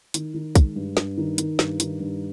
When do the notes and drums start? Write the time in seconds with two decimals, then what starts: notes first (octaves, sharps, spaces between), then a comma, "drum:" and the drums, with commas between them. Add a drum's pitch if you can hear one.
0.14 D#3, drum: hi-hat
0.34 D#3
0.55 G#3, drum: kick, hi-hat
0.76 G2
0.97 G2, drum: snare
1.18 D#3
1.38 D#3, drum: hi-hat
1.59 G2, drum: snare
1.80 D#3, drum: hi-hat
2.00 G2